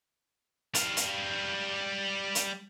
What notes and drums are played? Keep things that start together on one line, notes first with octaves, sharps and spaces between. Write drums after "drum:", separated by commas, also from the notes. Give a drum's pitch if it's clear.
G3 F5, drum: hi-hat
drum: hi-hat
drum: hi-hat